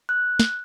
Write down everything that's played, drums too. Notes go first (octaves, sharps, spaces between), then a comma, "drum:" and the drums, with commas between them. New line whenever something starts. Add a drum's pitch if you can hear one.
F#6
drum: snare